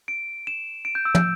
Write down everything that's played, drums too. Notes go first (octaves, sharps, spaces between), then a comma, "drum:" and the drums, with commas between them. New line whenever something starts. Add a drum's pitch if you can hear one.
D7
E7
D7
G6
E6
G6, drum: tom